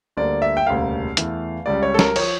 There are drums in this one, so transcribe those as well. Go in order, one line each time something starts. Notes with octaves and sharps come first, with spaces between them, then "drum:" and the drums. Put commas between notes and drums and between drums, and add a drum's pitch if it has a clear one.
D2 D3 G3 A#3 D5
E5
G5
E1 D2 C#3 G3 A#3 F5
E2 E3 A3, drum: hi-hat
C#2 C#3 G3 D5
C#5
A4
A#4, drum: snare
F3 C#5, drum: cymbal